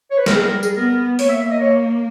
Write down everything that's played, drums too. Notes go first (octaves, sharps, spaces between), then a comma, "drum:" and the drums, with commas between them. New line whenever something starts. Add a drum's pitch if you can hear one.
C#5
B4
A#4, drum: snare
G3 G#4
A#4
G#4, drum: tambourine
B3 A#4
A#3 C#5, drum: open hi-hat
E5
E5
D#5
C#5